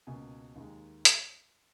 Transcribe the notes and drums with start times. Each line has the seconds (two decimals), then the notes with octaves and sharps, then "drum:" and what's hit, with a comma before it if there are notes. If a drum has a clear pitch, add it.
0.07 C#2 B2 A#3 C#4 G#5
0.55 D#2 D#3 G#3
1.05 drum: hi-hat